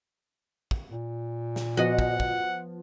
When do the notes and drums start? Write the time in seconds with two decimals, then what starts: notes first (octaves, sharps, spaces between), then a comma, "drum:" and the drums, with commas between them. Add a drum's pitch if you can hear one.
0.71 drum: kick
0.91 A#2
1.56 drum: snare
1.77 F3 B3 F#4 D#5 F#5
1.99 drum: kick
2.20 drum: kick